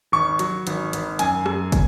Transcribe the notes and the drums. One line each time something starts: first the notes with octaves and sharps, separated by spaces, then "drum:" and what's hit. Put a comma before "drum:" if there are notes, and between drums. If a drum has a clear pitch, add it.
G#1 C#6
F#3, drum: hi-hat
G#1, drum: hi-hat
G#1, drum: hi-hat
F#2 G#5, drum: hi-hat
F#2, drum: rim click
drum: kick, hi-hat